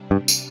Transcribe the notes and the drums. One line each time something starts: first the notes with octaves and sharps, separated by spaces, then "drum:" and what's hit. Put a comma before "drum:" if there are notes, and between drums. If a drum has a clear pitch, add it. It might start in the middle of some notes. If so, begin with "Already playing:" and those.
Already playing: C3 G3 D4
G2
drum: tambourine